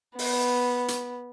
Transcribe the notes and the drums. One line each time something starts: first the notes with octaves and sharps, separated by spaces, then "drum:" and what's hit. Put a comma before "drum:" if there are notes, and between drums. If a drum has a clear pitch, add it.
B3, drum: open hi-hat
drum: hi-hat